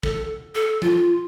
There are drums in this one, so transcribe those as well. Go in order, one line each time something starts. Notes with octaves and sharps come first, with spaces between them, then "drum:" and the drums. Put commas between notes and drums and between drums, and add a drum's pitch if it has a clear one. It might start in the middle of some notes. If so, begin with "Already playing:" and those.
A4, drum: kick
A4
F4, drum: tom F3